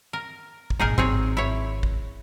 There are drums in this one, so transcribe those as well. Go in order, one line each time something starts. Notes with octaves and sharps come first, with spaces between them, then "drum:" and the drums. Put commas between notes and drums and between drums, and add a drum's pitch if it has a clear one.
A#4
drum: kick
G#1 A#2 D#4 G#4 A#4
G#1 C4 G#4 C#5, drum: tom
E4 C#5
drum: kick